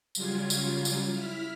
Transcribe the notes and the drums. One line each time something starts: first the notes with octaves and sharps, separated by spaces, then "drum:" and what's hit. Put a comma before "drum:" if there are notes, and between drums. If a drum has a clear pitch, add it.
C#3 F#3 G3 F4 G#6, drum: tambourine
drum: tambourine
drum: tambourine
E4 F6 B6